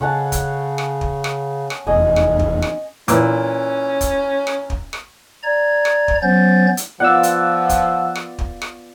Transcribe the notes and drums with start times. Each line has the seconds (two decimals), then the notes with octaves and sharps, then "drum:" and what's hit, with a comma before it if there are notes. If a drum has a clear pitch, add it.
0.01 C#3 C#4 F#5 A5
0.32 drum: kick, hi-hat
0.78 drum: rim click
1.01 drum: kick
1.24 drum: rim click
1.70 drum: rim click
1.87 F1 E2 D#5 G#5
2.16 drum: rim click
2.39 drum: kick
2.62 drum: rim click
3.08 A#2 E3 C#4, drum: hi-hat
4.01 drum: kick, hi-hat
4.47 drum: rim click
4.70 drum: kick
4.93 drum: rim click
5.43 D5 A#5 G#6
5.85 drum: rim click
6.08 drum: kick
6.22 F#3 B3 C#4 C5 G6 A6
6.77 drum: hi-hat
7.00 F3 B3 F4 D5 F#5 E6
7.23 drum: hi-hat
7.69 drum: kick, hi-hat
8.15 drum: rim click
8.38 drum: kick
8.62 drum: rim click